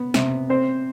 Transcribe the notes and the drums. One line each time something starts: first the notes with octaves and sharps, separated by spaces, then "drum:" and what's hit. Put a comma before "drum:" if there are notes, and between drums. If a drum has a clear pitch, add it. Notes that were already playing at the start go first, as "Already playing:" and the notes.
Already playing: B3
C3, drum: snare
C4 C5